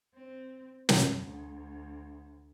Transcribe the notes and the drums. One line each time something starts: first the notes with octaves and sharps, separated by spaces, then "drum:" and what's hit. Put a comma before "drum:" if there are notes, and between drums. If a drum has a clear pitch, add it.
C4
F#2, drum: snare
D2